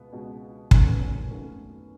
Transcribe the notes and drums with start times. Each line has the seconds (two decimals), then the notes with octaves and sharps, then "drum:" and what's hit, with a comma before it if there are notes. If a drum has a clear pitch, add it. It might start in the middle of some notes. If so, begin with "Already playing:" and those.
Already playing: C#2 B2 G#3 B3
0.13 C#2 B2 G#3
0.71 F#2 D#3 F#3 A3 C#4, drum: kick
0.86 B3
1.00 C#4
1.16 C#4
1.31 F#2 D#3 F#3 A3